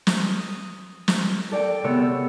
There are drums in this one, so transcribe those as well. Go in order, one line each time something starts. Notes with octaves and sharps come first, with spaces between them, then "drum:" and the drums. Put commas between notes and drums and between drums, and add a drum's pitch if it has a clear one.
drum: snare
D#6
drum: snare
A4 D5 G5
C3 G#3 B3 C#5 E6